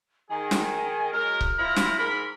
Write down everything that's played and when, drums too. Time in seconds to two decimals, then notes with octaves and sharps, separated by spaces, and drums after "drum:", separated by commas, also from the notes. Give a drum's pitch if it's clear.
0.30 D#3 G#4 D#5 G#5
0.51 drum: snare
1.11 F#2 G#3 A#4 F6
1.41 drum: kick C#1
1.58 F3 E4 A#5
1.76 drum: snare
1.98 G#2 A#4 B5